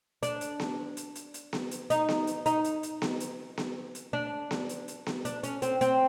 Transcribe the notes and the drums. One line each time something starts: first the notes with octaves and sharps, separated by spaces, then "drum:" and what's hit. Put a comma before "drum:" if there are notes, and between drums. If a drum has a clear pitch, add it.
D4, drum: hi-hat
drum: hi-hat
drum: snare B3
drum: hi-hat
drum: hi-hat
drum: hi-hat
drum: snare B3
drum: hi-hat
D#4, drum: hi-hat
drum: snare B3
drum: hi-hat
D#4, drum: hi-hat
drum: hi-hat
drum: hi-hat
drum: snare B3
drum: hi-hat
drum: snare B3
drum: hi-hat
D4
drum: snare B3
drum: hi-hat
drum: hi-hat
drum: snare B3
D4, drum: hi-hat
C#4, drum: hi-hat
C4, drum: hi-hat
C4, drum: hi-hat